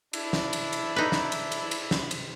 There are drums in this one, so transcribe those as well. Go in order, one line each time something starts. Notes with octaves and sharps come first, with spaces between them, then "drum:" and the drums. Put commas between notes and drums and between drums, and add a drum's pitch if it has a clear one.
D4 E4, drum: cymbal
drum: snare
drum: cymbal
drum: cymbal
D#4 B4
drum: snare
drum: cymbal
drum: cymbal
drum: cymbal
drum: snare
drum: cymbal